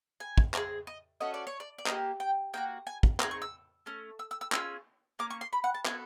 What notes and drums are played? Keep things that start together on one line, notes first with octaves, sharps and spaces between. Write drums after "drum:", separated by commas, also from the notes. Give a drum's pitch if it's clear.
G#5
drum: kick
C4 F4 G#4, drum: clap
D#5
C#4 F#4 A4 D#5
D5
C#5
D5
D5
A#3 D#4 G4 D#5, drum: clap
G5
A#3 D#4 F#4 G5
G#5
drum: kick
C4 D#4 G#4 A#5, drum: clap
C#6
E6
A3 C#4
E6
E6
E6
C#4 F4 G#4 E6, drum: clap
A#3 C#4 D6
C#6
C6
B5
F#5
A5
B3 D#4 F#4 A4 G#5, drum: clap